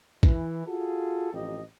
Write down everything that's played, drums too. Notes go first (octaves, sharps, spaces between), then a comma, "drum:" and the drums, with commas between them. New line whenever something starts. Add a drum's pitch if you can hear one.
E3, drum: kick
F4 F#4 G#4 A4
A1 F2 G4 D#5